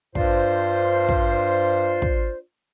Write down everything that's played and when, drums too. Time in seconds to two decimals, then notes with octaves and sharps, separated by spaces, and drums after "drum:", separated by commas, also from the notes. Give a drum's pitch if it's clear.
0.15 G2 D4 F4 C5, drum: kick
1.09 drum: kick
2.02 drum: kick